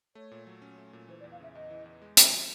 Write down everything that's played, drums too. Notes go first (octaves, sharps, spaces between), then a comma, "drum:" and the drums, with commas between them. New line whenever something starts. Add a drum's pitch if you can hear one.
A3 C#5
A#2
F#3
C#4
A3
A#2
E3 C5
D5
E2
F5
C#3 E5
E2 D#5
E3
E2
G#3
C3, drum: hi-hat
F3